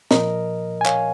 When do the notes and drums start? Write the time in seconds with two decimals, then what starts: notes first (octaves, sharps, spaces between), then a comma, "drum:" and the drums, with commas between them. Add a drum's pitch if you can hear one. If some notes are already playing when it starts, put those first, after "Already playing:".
0.11 A#2 F3 A#4 D#5, drum: snare
0.81 G#5
0.86 C#5 F5, drum: clap